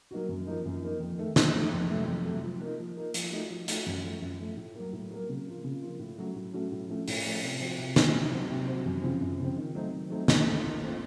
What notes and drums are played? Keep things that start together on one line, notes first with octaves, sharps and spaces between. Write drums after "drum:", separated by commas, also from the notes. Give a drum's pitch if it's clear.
F#3 A#3 D#4 F#4
F#2
F3 A#3 D#4
F#2
F3 A#3 D#4
F2
D#3 A3
F2, drum: snare
D#3 A3
F2
C3 F#3 A3
F2
C3 F#3 A3
F3
A#3 D#4
F3
A#3 D#4
F3, drum: hi-hat
A3 D#4 F#4
F3
A3 D#4 F#4, drum: hi-hat
F#2
F3 A3
F#2
F3 A3
A2
F#3 A#3
A2
F#3 A#3
C#3
F3 A#3 F4
C#3
F3 A#3 F4
A2
F#3 A3 C#4 F#4
A2
F#3 A3 C#4 F#4
A2
F3 A3 C#4
A2, drum: open hi-hat
F3 A3 C#4
C3
F3 C4 F#4
C3
F3 C4 F#4, drum: snare
C3
F#3 C4 F#4
C3
F#3 C4 F#4
F#2
C#3 F3 C4
F#2
C#3 F3 C4
D#3
F#3 A3 C4 D#4
D#3
F#3 A3 C4 D#4
D#3, drum: snare
A3 C4 F4
D#3
A3 C4 F4